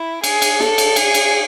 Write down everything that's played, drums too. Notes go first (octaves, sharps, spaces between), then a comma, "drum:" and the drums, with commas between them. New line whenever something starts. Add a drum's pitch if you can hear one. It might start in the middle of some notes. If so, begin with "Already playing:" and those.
Already playing: E4
G#4, drum: cymbal
drum: cymbal
A4, drum: snare
drum: cymbal
G#4, drum: cymbal
drum: cymbal